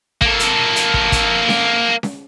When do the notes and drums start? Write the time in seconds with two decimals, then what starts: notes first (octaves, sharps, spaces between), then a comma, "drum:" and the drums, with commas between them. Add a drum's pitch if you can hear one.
0.21 A#3 A4, drum: kick
0.39 drum: hi-hat
0.76 drum: hi-hat
0.94 drum: kick
1.12 drum: kick, hi-hat
1.48 drum: snare C#4
2.03 drum: snare C#4